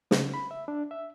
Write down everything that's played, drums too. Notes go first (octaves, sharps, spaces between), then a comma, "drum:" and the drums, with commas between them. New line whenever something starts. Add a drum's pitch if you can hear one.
C#3, drum: snare
B5
E5
D4
E5